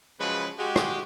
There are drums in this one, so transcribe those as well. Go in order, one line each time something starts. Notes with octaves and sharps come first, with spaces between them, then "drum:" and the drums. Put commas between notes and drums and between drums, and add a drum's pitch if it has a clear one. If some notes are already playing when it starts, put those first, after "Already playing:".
C#3 F3 F#3 G#3 B4
G#3 F#4 G4
drum: rim click